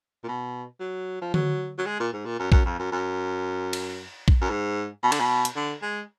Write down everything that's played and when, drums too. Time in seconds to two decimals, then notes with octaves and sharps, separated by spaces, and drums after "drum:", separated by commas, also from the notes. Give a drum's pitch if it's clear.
0.24 A#2
0.28 B2
0.80 F#3
1.21 F3
1.34 F#3, drum: tom D3
1.78 F#3
1.86 G#3
2.00 A#2
2.13 G#2
2.26 A#2
2.39 F#2
2.52 F#2, drum: kick A#1
2.66 F2
2.79 F#2
2.92 F#2
3.73 drum: cymbal
4.28 drum: kick A#1
4.42 F#2
4.50 G#2
5.03 B2
5.12 D3, drum: cymbal
5.20 B2
5.45 drum: hi-hat
5.56 D3
5.82 G#3